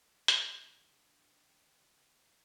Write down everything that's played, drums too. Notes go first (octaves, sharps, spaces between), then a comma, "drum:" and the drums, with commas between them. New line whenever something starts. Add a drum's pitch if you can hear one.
D3, drum: hi-hat
D4 G5